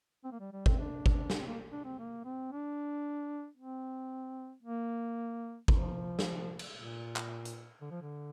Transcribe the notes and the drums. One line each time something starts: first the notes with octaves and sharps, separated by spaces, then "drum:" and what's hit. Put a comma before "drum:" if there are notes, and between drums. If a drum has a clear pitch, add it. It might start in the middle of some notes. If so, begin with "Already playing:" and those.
C4
A#3
G3
G3
C4, drum: kick G#1
D4
drum: kick G#1
drum: snare
C4
A#3
D4
C4
A#3
C4
D4
C4
A#3
F3, drum: kick G#1
drum: snare
drum: cymbal
A#2
drum: clap
drum: hi-hat
D3
F3
D3